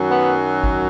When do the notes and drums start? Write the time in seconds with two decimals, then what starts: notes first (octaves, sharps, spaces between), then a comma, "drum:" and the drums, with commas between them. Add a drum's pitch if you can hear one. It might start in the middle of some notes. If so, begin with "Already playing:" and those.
Already playing: F#2 D#3 F#3
0.11 B3
0.64 drum: kick